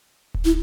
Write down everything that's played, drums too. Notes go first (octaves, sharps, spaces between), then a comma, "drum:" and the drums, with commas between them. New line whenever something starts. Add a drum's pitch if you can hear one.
drum: kick D1
E4